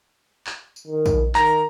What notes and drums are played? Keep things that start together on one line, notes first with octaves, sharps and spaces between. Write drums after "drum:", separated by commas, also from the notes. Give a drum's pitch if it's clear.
drum: clap
drum: tambourine
D#3
drum: kick A#1, tambourine
D#3 A#5, drum: clap